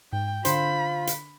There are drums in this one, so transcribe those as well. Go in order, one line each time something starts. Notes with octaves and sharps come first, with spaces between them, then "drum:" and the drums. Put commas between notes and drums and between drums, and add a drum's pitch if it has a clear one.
G#2 G5
D3 D4 F4 C5 B5, drum: hi-hat
drum: hi-hat